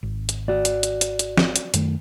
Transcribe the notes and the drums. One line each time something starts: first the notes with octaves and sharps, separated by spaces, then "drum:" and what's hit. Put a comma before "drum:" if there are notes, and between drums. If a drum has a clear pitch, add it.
G#1
drum: hi-hat
F#4 D5
drum: hi-hat
drum: hi-hat
drum: hi-hat
drum: hi-hat
drum: snare
drum: hi-hat
F#2 D#3 A3, drum: hi-hat